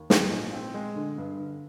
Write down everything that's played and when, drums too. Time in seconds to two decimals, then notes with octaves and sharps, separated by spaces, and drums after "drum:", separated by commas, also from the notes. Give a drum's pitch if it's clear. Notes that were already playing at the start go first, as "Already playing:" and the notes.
Already playing: D#2
0.10 G#2, drum: snare
0.31 A#1
0.53 C4
0.74 G#3
0.96 D3
1.18 G2
1.39 D3